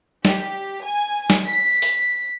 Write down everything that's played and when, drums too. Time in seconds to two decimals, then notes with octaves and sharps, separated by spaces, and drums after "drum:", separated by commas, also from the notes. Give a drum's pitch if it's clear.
0.25 G4, drum: snare
0.84 G#5
1.30 drum: snare
1.47 B6
1.82 drum: open hi-hat